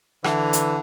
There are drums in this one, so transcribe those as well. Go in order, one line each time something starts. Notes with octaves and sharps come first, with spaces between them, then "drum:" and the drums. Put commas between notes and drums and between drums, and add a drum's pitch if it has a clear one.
D3 E3, drum: rim click
drum: hi-hat